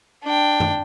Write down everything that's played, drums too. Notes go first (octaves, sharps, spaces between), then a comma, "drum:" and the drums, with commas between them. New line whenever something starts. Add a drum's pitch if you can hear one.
D4 G5
drum: tom F#2